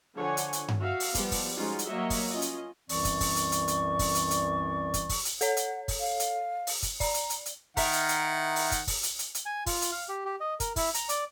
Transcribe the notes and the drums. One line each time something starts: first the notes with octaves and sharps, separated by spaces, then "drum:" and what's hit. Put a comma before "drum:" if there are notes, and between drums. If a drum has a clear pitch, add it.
D3 F3 C#5 F#5 G#5
drum: hi-hat
drum: hi-hat
drum: tom G2
F#4 E5 F5
drum: open hi-hat
F3 G3 B3 D5, drum: kick, hi-hat
drum: kick, open hi-hat
F3 G#3 C#4 D#4 F4 F#4
drum: hi-hat
F#3 A#3 F#4 C#5 D#5 E5
drum: kick, open hi-hat
C#4 F4 D#5
drum: hi-hat
C2 F#2 E3 C4 D5 C#6, drum: open hi-hat
drum: kick, hi-hat
drum: kick, open hi-hat
drum: hi-hat
drum: hi-hat
drum: hi-hat
drum: kick, open hi-hat
drum: hi-hat
drum: hi-hat
drum: kick, hi-hat
drum: kick, open hi-hat
drum: hi-hat
A4 C#5 F#5, drum: hi-hat
drum: hi-hat
drum: kick, open hi-hat
F5
drum: hi-hat
drum: open hi-hat
drum: kick, hi-hat
D5 A#5, drum: kick, open hi-hat
drum: hi-hat
drum: hi-hat
drum: hi-hat
D#3 E4 A#4 F#5, drum: kick, open hi-hat
drum: hi-hat
drum: hi-hat
drum: open hi-hat
drum: kick, hi-hat
drum: kick, open hi-hat
drum: hi-hat
drum: hi-hat
drum: hi-hat
G#5
F4, drum: kick, open hi-hat
drum: hi-hat
F5
G4
G4
D#5
A#4, drum: kick, hi-hat
E4, drum: kick, open hi-hat
A#5, drum: hi-hat
D5, drum: hi-hat